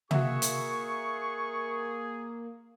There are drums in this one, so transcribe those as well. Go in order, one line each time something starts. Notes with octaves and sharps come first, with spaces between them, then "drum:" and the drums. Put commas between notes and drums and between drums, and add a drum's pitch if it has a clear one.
A#3 F#4 G#4 E5 C#6, drum: tom
drum: hi-hat